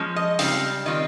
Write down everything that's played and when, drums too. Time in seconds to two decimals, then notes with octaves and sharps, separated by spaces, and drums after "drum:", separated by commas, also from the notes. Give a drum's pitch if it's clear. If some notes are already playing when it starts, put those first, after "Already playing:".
Already playing: F3 G#3 C#4
0.16 D#5
0.39 C#3 G3 C4 D#4 F5, drum: open hi-hat
0.86 D#3 G3 C4 F4 D#5